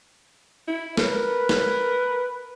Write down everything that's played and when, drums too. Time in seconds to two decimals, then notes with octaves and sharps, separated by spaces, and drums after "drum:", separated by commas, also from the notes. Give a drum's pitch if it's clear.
0.68 E4
0.97 A#4 B4, drum: snare
1.49 drum: snare